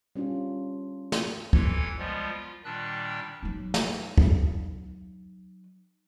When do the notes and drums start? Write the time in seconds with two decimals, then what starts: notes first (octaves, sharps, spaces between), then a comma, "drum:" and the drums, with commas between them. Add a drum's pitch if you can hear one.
0.16 G3 C#4 D4 F4
1.12 drum: snare
1.53 A#2 E3 A4 C#5 G#6, drum: kick
1.99 F3 G3 G#3 B3 F4
2.34 F4
2.65 A#2 D#3 G3 D4 E6 F#6
3.43 F#3 D#4
3.74 drum: snare
4.18 drum: kick